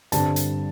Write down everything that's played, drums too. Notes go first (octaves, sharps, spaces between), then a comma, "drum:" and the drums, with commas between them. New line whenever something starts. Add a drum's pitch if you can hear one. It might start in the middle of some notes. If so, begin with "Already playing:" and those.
G2 D3 G3 C4 A5, drum: hi-hat
drum: hi-hat